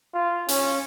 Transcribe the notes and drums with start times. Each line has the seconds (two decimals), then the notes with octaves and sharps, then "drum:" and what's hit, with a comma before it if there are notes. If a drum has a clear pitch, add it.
0.14 F4
0.48 C#4, drum: hi-hat